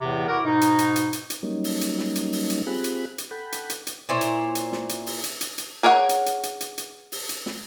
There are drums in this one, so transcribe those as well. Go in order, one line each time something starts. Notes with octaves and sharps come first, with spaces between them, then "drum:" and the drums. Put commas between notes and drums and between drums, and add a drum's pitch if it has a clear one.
E2 A2 C3 E3 B3
E4 F#4 A#4 F#5 D6
G#2 B2 D#4
drum: hi-hat
drum: hi-hat
drum: hi-hat
drum: hi-hat
drum: hi-hat
F#3 G3 A#3 C#4 D#4
drum: open hi-hat
drum: hi-hat
drum: snare
drum: hi-hat
drum: open hi-hat
drum: hi-hat
C4 F4 G4 G#4 B5 F#6
drum: hi-hat
drum: hi-hat
A4 F#5 G5 B5
drum: hi-hat
drum: hi-hat
drum: hi-hat
A#2 E4 C5 C#5
drum: hi-hat
drum: hi-hat
drum: snare
drum: hi-hat
drum: open hi-hat
drum: hi-hat
drum: hi-hat
drum: hi-hat
G#4 A#4 C#5 E5 F#5
drum: hi-hat
drum: hi-hat
drum: hi-hat
drum: hi-hat
drum: hi-hat
drum: open hi-hat
drum: hi-hat
drum: snare